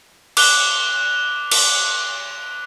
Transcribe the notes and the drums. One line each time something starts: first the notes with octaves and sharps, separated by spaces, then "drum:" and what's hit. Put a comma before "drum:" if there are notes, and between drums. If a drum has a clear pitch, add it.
D6 F#6 F7 G7, drum: cymbal
drum: cymbal